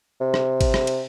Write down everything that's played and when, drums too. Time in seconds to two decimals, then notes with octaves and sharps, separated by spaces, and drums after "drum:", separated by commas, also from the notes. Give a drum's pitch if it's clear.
0.20 C3
0.34 drum: rim click
0.61 drum: kick G#1, cymbal
0.74 drum: rim click
0.87 drum: cymbal